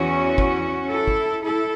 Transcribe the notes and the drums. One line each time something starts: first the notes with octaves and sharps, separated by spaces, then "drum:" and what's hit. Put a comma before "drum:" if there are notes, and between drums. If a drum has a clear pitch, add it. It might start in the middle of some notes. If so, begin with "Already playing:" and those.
Already playing: E2 E3 C#4 F#4
drum: kick
E4 A4
drum: kick
E4 A4